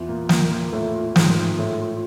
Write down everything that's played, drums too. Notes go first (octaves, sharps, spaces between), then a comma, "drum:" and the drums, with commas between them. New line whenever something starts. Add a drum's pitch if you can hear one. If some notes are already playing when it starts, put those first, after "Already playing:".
Already playing: E2 E3 F4
A#2 A#3
A#2 A#3, drum: snare
A#2 A#3
A2 A3
G#2 G#3, drum: snare
A2 A3